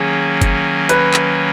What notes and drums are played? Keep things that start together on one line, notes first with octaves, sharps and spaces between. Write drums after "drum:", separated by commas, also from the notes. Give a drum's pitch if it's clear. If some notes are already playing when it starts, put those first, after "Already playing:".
Already playing: D#3 F#3 A#3 C#4 G#4
drum: kick, hi-hat
B4, drum: hi-hat
drum: clap